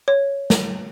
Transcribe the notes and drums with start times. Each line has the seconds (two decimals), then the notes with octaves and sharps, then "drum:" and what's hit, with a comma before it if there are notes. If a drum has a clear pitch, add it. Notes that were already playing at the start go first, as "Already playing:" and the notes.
0.08 C#5
0.50 drum: snare